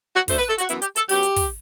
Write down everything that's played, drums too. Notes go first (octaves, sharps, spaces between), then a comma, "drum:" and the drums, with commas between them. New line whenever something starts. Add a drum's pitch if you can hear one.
F#4
D2 D3 A3 C5, drum: kick, open hi-hat
B4
A4
F#4, drum: hi-hat
F#2 E3 B3 E4, drum: hi-hat
G4, drum: hi-hat
A4, drum: hi-hat
F#2 F#3 B3 G4, drum: open hi-hat
drum: hi-hat
drum: kick, open hi-hat